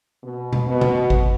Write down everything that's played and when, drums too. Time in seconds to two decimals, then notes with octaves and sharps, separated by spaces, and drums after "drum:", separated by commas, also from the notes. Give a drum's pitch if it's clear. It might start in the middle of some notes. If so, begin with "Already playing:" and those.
0.24 B2
0.53 drum: tom B2
0.68 B2
0.81 drum: tom B2
1.10 drum: kick G#1